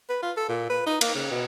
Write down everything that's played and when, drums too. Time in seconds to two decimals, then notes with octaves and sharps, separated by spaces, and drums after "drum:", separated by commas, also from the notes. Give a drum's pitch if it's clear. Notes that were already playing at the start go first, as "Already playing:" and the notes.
0.09 B4
0.23 F4
0.37 A4
0.49 A#2
0.70 B4
0.87 D#4
1.01 A#3, drum: cymbal
1.15 C#3
1.31 B2